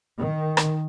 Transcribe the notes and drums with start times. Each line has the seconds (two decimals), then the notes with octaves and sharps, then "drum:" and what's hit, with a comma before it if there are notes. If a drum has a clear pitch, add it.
0.18 D#3
0.57 drum: rim click